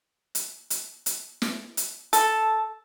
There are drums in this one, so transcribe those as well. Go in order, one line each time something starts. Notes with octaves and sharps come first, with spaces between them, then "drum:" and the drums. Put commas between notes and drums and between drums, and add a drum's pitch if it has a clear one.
drum: hi-hat
drum: hi-hat
drum: hi-hat
drum: snare
drum: hi-hat
A4, drum: hi-hat